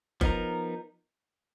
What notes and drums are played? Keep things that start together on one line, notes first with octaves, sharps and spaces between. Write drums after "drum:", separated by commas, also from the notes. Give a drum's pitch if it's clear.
F3 B3 D#4 A#4, drum: kick F#1